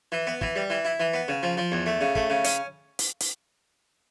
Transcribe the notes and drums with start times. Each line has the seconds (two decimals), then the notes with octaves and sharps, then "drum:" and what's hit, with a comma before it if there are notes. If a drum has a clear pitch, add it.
0.12 E3
0.27 B3
0.41 E3, drum: kick
0.56 G3
0.70 E3
0.85 E4
1.00 E3
1.14 B3
1.28 C#3
1.43 F3
1.57 F3
1.72 E2
1.86 A3
2.01 C#3
2.15 A3, drum: kick
2.30 C#3
2.44 C#4, drum: hi-hat
2.99 drum: hi-hat
3.20 drum: hi-hat